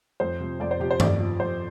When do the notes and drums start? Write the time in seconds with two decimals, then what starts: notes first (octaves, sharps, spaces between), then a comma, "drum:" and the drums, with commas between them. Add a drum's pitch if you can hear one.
0.20 F2 C5
0.40 C3 F3
0.60 F2 D5
0.71 C5
0.80 C3 F3 G4
0.91 C5
1.00 F2 D5, drum: tom G2
1.20 F3
1.40 F2 C5